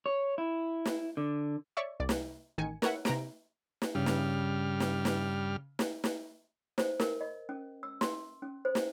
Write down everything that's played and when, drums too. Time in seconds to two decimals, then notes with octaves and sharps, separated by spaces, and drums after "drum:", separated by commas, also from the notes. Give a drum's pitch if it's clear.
0.06 C#5
0.38 E4
0.86 drum: snare
1.17 D3
1.77 C#5 D5 E5 C#6
2.00 C2 D5
2.09 drum: snare
2.58 A1 D#3 G#5 C#7
2.82 A#4 B4 C#5 E5 F#5, drum: snare
3.05 C3 A#5 D7, drum: snare
3.82 drum: snare
3.95 G2 C#3 G3 F6
4.06 drum: snare
4.80 drum: snare
5.05 drum: snare
5.79 drum: snare
6.04 drum: snare
6.78 C5, drum: snare
7.00 A#4, drum: snare
7.21 D#5
7.49 C#4
7.83 E6
8.01 C6, drum: snare
8.42 C#4
8.65 C5
8.75 drum: snare